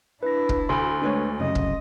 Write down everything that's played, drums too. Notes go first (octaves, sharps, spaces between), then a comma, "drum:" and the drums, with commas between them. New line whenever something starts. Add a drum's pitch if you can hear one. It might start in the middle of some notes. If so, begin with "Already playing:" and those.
D4 E4 B4 A#6
drum: kick
D2 C6
G#3 A3 D4 B4 C#5
C2 F#2 C#3 D#5
drum: kick